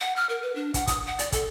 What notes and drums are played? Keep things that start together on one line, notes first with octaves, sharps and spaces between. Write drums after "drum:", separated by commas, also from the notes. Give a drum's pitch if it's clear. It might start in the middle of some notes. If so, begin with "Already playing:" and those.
F#5
F6
A#4
B4
D4
F#5, drum: kick, hi-hat
D#6, drum: kick, hi-hat
F#5
D5, drum: hi-hat
A4, drum: kick, hi-hat